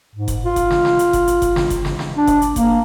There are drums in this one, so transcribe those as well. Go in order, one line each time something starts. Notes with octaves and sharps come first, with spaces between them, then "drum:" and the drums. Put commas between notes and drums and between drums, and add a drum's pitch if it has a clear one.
G#2
drum: kick F#1, hi-hat
F4
drum: kick F#1, hi-hat
drum: snare
drum: snare
drum: hi-hat
drum: kick F#1, hi-hat
drum: hi-hat
drum: kick F#1, hi-hat
drum: snare
drum: kick F#1, hi-hat
drum: snare
drum: snare
D4
drum: kick F#1, hi-hat
drum: hi-hat
A#3, drum: kick F#1, hi-hat